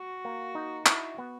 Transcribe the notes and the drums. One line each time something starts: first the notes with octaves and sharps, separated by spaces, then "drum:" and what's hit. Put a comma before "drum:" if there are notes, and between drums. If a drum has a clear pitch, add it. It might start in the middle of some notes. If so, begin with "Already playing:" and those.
Already playing: F#4
A#3
D#4
E4 F#4, drum: clap
B3